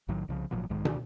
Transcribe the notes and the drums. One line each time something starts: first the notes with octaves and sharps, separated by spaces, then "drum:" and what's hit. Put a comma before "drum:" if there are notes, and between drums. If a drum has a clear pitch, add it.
B1 A2 D#3 F#3
C2 C#3 F3
G#1 A#2 F3 F#3
B1 G#2 D#3 G#3
D2 D#3 D4, drum: tom